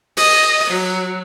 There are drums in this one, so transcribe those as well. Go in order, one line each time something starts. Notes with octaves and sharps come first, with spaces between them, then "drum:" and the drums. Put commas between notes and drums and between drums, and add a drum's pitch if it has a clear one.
D#5, drum: open hi-hat
F#3